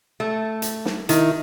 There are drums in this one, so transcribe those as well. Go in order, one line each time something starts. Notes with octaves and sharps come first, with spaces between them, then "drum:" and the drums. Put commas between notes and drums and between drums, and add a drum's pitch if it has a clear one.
A3
drum: hi-hat
drum: snare
D#3 E4, drum: hi-hat